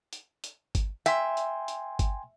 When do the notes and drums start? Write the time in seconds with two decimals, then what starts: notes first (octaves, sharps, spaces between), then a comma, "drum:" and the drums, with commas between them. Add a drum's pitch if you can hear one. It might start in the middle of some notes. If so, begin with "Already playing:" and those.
0.13 drum: hi-hat
0.44 drum: hi-hat
0.75 drum: kick G1, hi-hat
1.06 E5 G5 G#5 C6, drum: hi-hat
1.37 drum: hi-hat
1.68 drum: hi-hat
1.99 drum: kick G1, hi-hat